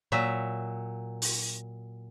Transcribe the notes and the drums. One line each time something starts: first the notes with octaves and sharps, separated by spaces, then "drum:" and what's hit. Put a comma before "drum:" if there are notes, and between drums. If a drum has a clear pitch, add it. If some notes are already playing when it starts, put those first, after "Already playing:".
A#2 F#3 E5
drum: open hi-hat